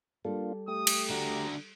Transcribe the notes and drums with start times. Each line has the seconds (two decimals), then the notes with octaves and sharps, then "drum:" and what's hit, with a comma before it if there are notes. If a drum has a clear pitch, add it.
0.25 G3 A#3 D4 F4 A4
0.68 A3 G4 D#6
0.87 drum: cymbal
1.10 D3 D4 F#4 A#5